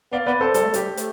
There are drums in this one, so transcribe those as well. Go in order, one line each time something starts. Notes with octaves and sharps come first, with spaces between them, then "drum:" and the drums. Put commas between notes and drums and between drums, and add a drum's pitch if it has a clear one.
B3 D5 F5
B3 B4 D5
C4 A4 C5
G3 A4, drum: hi-hat
A3
G3 G4, drum: hi-hat
A3, drum: hi-hat